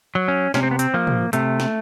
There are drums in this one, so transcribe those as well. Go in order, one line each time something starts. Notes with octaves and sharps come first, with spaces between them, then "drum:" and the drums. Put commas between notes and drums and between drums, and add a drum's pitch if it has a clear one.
F#3
C#4
C3 C#4, drum: snare
C4
B3
C4, drum: hi-hat
F3 A#3
drum: tom
C3 A3, drum: hi-hat
drum: snare